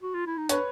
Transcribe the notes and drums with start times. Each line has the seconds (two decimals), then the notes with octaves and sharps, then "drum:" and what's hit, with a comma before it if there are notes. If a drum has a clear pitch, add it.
0.02 F#4
0.14 F4
0.27 E4
0.38 D#4
0.49 D4 B4 C#5, drum: hi-hat